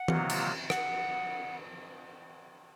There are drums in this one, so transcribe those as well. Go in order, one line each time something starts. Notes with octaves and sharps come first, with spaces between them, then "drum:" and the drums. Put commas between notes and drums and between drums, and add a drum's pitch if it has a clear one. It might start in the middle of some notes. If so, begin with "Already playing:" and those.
Already playing: F#5
C3 D#3 F#3 A#3 F4, drum: tom E3
drum: cymbal
F#5, drum: rim click